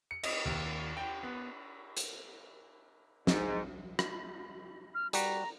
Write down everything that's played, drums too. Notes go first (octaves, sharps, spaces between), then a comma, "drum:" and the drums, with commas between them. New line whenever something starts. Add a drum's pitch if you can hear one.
C#7
D#5, drum: cymbal
D#2
G5
B3
drum: hi-hat
G#2, drum: snare
drum: rim click
F6
G3 F#4 A#5, drum: hi-hat